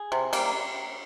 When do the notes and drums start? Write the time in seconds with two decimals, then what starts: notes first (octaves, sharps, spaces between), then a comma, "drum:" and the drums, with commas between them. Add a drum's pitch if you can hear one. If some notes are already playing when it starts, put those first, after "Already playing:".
Already playing: G#4
0.12 C3
0.33 G3 A#3, drum: cymbal